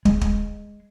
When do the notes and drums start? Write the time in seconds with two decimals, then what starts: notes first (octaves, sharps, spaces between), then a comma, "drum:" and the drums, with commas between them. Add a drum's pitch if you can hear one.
0.05 G#3, drum: kick
0.21 drum: kick